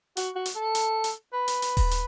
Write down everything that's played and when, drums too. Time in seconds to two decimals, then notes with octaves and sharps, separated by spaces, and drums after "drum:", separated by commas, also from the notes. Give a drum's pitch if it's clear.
0.17 F#4, drum: hi-hat
0.36 F#4
0.46 drum: hi-hat
0.56 A4
0.75 drum: hi-hat
1.04 drum: hi-hat
1.33 B4
1.48 drum: hi-hat
1.62 drum: hi-hat
1.77 drum: kick D#1, open hi-hat
1.91 drum: hi-hat